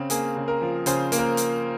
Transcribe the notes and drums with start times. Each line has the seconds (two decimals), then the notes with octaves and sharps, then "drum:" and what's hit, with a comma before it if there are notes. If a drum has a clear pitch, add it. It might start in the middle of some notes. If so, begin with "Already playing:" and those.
Already playing: C#3 C4
0.10 A#3 G#4, drum: hi-hat
0.36 C#3
0.48 A#4
0.61 F3
0.86 C#3 G#4 C5, drum: hi-hat
1.12 A#3, drum: hi-hat
1.18 A#4
1.37 drum: hi-hat